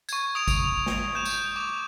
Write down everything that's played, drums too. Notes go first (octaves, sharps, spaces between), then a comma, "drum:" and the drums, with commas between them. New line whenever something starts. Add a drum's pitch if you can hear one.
C#6 G#6, drum: tambourine
D#6 D7 F7
drum: kick G#1, tambourine
drum: snare
G6 E7
drum: tambourine
D6